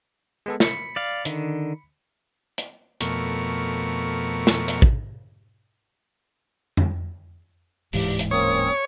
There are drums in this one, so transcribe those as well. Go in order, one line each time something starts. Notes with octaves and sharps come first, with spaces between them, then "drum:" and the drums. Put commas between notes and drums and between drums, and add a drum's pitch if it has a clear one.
G#3 B3 A4
B5 B6 C#7, drum: snare
D5 F5
D3 D#3, drum: hi-hat
drum: hi-hat
F2 B2 A3 A#4 C#6, drum: hi-hat
drum: snare
drum: hi-hat
drum: kick
drum: tom F2
D1 G#2 E3 G4, drum: open hi-hat
drum: hi-hat
A#3 C4 C#4 C#5 D#6